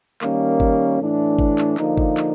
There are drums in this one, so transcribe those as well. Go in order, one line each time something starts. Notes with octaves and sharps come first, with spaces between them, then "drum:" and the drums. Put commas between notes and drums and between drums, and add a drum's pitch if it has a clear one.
D#3 G3 A#3 C#4, drum: clap
drum: kick G1
A2 E3 A3 D4
drum: kick G1
drum: clap
D3 F3 A#3 D#4, drum: clap
drum: kick G1
drum: clap